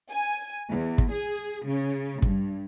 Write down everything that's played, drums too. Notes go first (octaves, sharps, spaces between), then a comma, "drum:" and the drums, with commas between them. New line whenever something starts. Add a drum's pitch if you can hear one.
G#5
E2
drum: kick
G#4
C#3
G2, drum: kick